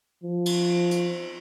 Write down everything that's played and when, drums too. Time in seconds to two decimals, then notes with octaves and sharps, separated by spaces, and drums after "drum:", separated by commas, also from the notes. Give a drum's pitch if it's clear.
0.23 F3
0.46 drum: cymbal
0.91 drum: hi-hat